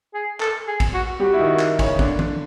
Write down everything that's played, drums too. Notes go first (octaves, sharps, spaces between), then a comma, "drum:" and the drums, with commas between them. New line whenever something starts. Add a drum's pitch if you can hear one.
G#4
A4, drum: clap
G#4
drum: kick, cymbal
F#4
G3 F#4 G4
E4
D#3 D#4
drum: clap
C#3 C#4, drum: kick, cymbal
D3 D4, drum: kick
drum: tom